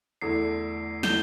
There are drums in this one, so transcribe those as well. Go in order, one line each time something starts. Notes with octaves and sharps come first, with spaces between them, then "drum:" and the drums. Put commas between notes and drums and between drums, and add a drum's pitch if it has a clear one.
E2 D3 A3 E4 C7
D3 A3 E4 G6 G7, drum: snare